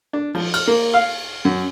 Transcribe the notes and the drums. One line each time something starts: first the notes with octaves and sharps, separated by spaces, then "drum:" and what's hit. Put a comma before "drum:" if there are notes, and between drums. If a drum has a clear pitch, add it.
D4
F3, drum: cymbal
F6, drum: cymbal
A#3
F5
F#2